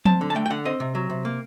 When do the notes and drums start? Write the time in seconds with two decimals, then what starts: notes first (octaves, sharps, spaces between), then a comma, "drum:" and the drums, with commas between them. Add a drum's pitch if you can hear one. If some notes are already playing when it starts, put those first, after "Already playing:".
0.05 C4 A5, drum: tom F3
0.21 D3
0.30 A5
0.35 A3 G5
0.46 G5
0.50 D3 F#5
0.65 C4 D#5
0.80 C3
0.95 F#3
1.10 C3
1.25 A#3